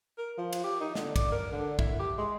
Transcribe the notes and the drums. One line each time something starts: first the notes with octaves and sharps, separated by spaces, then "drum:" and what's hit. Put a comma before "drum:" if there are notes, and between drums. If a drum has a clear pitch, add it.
A#4
F3
drum: cymbal
G4
D#4
D3, drum: snare
D5, drum: kick, cymbal
A#4
D3
E4, drum: kick
G4
G#3